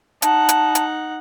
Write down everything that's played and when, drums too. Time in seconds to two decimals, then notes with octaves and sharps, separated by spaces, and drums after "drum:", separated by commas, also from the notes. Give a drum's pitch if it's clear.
0.22 D#4 F#5 A5, drum: hi-hat
0.49 drum: hi-hat
0.75 drum: hi-hat